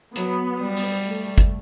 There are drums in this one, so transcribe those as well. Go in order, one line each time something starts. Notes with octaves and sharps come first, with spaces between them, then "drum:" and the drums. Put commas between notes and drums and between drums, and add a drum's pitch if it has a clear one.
F#3 B3, drum: hi-hat
G3
drum: open hi-hat
A3
drum: kick G1, hi-hat